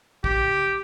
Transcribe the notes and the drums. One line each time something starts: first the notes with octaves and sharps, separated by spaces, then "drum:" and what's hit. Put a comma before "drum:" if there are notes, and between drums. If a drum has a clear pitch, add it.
G4, drum: kick